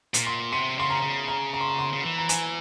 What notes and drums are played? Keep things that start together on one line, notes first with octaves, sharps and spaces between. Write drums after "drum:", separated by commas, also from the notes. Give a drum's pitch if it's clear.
A#2, drum: hi-hat
C6
C3 C6
C#3 C6
A#5
C#3
A#5
A#5
C6
A#5
C6
C#3
E3
A#5
G#5, drum: hi-hat